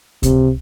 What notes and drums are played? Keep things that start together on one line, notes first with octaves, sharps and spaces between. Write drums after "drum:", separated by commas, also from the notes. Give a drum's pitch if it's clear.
C3, drum: kick C#2, hi-hat